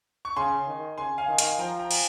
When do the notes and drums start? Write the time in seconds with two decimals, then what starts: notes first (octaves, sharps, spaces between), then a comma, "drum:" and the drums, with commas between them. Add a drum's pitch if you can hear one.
0.25 C#6
0.36 C#3 G#5 C6
0.67 D#3
0.98 C#3 G#5 C6
1.18 F5 G#5
1.28 D#3
1.38 F5 G#5, drum: hi-hat
1.59 F3 G5 A#5
1.79 G5 A#5
1.91 G#5, drum: cymbal